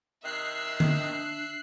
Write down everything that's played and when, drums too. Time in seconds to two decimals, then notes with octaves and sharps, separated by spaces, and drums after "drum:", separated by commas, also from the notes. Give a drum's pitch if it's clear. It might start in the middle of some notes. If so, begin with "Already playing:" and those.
0.24 C3 D#3 D#5 E5 F#6 C7
0.80 D4, drum: tom D3